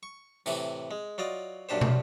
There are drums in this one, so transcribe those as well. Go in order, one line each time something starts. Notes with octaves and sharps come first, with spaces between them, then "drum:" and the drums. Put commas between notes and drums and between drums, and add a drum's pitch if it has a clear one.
C#6
A2 C3 E3, drum: tambourine
G#3
F#3 F4 D5 D#5
A#1 F#2 A#2 D4 G4 C5
drum: tom